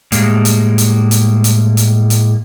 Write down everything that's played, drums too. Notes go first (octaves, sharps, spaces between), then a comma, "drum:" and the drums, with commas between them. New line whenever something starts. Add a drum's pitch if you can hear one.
A2 G3 G#3 A#3, drum: hi-hat
drum: hi-hat
drum: hi-hat
drum: hi-hat
drum: hi-hat
drum: hi-hat
drum: hi-hat